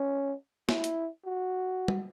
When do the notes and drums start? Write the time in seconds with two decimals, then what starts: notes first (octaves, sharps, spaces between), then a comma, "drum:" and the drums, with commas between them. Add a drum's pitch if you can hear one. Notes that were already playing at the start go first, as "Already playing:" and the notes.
Already playing: C#4
0.69 E4, drum: snare
0.84 drum: hi-hat
1.25 F#4
1.88 drum: tom